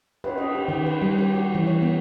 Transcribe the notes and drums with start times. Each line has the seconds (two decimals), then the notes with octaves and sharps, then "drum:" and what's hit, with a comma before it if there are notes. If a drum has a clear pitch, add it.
0.24 B4, drum: cymbal
0.38 D#5
0.55 G4
0.68 D#3
0.86 B4
1.02 G3
1.18 G4
1.34 F#4
1.55 E3
1.67 C#5
1.82 B3